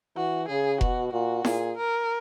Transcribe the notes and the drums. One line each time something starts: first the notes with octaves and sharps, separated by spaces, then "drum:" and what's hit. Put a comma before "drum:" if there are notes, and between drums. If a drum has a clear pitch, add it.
E3 F#4
C#3 G#4
B2 F#4, drum: kick F1
A#2 F#4
A#2 G#4, drum: snare E4
A#4